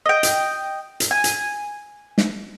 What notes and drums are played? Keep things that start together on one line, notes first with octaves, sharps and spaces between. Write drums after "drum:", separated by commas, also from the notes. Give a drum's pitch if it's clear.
D#5 G5
drum: hi-hat
drum: hi-hat
G#5
drum: hi-hat
drum: snare